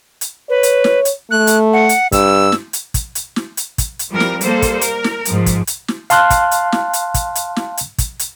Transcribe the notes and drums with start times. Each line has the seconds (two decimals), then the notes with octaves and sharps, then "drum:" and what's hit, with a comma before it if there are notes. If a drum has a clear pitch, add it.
0.21 drum: hi-hat
0.49 B4 C#5
0.63 drum: hi-hat
0.84 drum: snare
1.05 drum: hi-hat
1.31 A3 F#6
1.47 drum: hi-hat
1.73 F#5
1.89 drum: hi-hat
2.12 G2 E6, drum: kick, hi-hat
2.52 drum: snare
2.73 drum: hi-hat
2.94 drum: kick, hi-hat
3.15 drum: hi-hat
3.36 drum: snare
3.57 drum: hi-hat
3.78 drum: kick, hi-hat
3.99 drum: hi-hat
4.10 F3 G3 C4 A#4
4.20 drum: snare
4.41 G3 A#3 A4 C5, drum: hi-hat
4.62 drum: kick, hi-hat
4.81 A#4, drum: hi-hat
5.04 drum: snare
5.25 G#2 F3, drum: hi-hat
5.46 drum: kick, hi-hat
5.67 drum: hi-hat
5.88 drum: snare
6.10 F5 A5 C6 F6 F#6, drum: hi-hat
6.30 drum: kick, hi-hat
6.51 drum: hi-hat
6.72 drum: snare
6.93 drum: hi-hat
7.14 drum: kick, hi-hat
7.35 drum: hi-hat
7.56 drum: snare
7.77 drum: hi-hat
7.98 drum: kick, hi-hat
8.19 drum: hi-hat